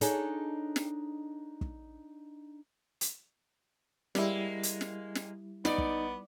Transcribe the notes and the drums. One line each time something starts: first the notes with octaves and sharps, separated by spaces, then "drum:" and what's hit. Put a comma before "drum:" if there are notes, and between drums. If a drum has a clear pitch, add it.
D4 D#4 G#4 A4 C#5 D#5, drum: hi-hat
drum: snare
drum: kick
drum: hi-hat
G3 G#3 A#3 E4, drum: snare
drum: hi-hat
drum: snare
drum: snare
B3 D#4 D5, drum: snare
drum: kick